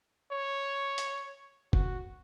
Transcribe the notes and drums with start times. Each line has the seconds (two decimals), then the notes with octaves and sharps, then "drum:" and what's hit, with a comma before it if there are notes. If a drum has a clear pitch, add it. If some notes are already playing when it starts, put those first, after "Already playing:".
0.32 C#5
0.98 drum: hi-hat
1.73 F#4, drum: kick F#1